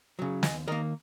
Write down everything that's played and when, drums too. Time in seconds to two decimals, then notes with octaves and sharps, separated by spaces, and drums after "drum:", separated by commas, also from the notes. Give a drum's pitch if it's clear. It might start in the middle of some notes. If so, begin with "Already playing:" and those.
0.19 C#3 F#3
0.43 D#2 D#5 G#5, drum: snare
0.68 D#3 A#3 A#4 D#5